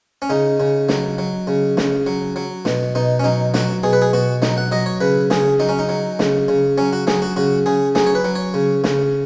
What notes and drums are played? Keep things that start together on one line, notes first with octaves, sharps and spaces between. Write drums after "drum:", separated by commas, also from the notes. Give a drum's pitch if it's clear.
C#4
C#3 D#4
C#3
F#3, drum: snare
F#3
C#3
C#3, drum: snare
F#3
F#3
B2, drum: snare
B2 D#4
C#4
F#3 D#4
F#3 F#4, drum: snare
B2 G#4
B4
G#4
B2 F#4
F#3 D#4, drum: snare
F#5
F#3 D#5
C#5
C#3 B4
C#3 G#4, drum: snare
F#3 D#4
C#4
D#4
F#3
C#3, drum: snare
C#3
F#3 C#4
F#4
F#3 G#4, drum: snare
F#4
C#3 F#4
C#3 G#4
F#3 G#4, drum: snare
C#5
B4
F#3
C#5
C#3
C#3, drum: snare